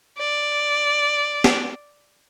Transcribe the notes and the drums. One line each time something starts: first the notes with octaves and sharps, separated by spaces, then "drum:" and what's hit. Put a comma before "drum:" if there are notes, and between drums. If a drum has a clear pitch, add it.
D5
drum: snare